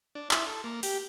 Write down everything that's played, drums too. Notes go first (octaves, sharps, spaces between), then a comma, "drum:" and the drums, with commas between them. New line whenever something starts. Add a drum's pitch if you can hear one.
D4
E4, drum: clap
A4
A#3
G4, drum: open hi-hat